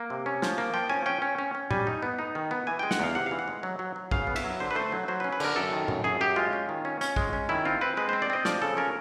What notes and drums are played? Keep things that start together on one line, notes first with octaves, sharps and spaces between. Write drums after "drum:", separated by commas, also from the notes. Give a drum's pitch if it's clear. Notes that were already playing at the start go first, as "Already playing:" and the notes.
Already playing: A#3
C3
C#4
F3, drum: snare
A#3
F3 G5
C#4 G#5
C#4 G5
C#4
C#4
C#4
G3 G#5, drum: tom A2
D#4
B3
D#4
D#3
B3
E3 G#5
G#3 G5
F#5, drum: snare
E2 F5
C3 F#5
E3 F5
F#5
G#3
F#3
F#3
F#3
C#3 F5, drum: kick A#1
B3
E5, drum: cymbal
F#3
D3 C5
B4
A3 C5
F#3
F#3 C5
B4
C#4
B4
D3 A#4, drum: cymbal
F#2 A4
D#3
F#2, drum: tom A2
F#2 G#4
F#2 G4
G#3 F4
C#4
D#3
C#4
C#4, drum: hi-hat
G#3, drum: kick A#1
C#4
D#3 E4
C4 F4
C4 B4
G#3 B4
C4 C5
D5
C4 D#5
F3 D5, drum: snare
C#3 A4
C#4 A#4